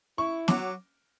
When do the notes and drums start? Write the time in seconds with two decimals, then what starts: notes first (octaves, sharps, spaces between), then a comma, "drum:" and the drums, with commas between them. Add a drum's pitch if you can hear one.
0.18 E4 C#6
0.48 F#3 D6, drum: snare